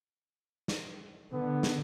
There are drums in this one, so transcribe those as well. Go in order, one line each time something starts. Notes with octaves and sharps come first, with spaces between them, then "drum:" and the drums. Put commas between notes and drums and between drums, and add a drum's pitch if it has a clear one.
drum: snare
D3 B3
drum: snare